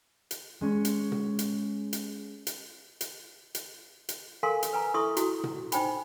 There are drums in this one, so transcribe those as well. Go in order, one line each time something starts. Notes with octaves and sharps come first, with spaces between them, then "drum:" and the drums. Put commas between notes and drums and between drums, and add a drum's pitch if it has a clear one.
drum: hi-hat
G#3 C#4 C#6
drum: hi-hat
drum: tom A#2
drum: hi-hat
drum: hi-hat
drum: hi-hat
drum: hi-hat
drum: hi-hat
drum: hi-hat
A4 A#4 F5 G#5 C6
drum: hi-hat
B4 G#5 A#5
E4 A4 E5 C6 C#6 D#6
E4 F#4, drum: hi-hat
drum: tom A#2
D#4 C5 G5 G#5 B5, drum: hi-hat